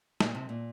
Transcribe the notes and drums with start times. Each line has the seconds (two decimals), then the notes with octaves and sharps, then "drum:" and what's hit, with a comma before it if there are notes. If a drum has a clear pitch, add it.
0.20 A#2, drum: snare
0.35 C3
0.49 A#2